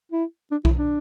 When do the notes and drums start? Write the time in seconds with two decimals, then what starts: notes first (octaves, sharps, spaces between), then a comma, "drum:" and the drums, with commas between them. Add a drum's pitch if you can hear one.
0.12 E4
0.52 D4
0.65 E4, drum: kick B1
0.78 D4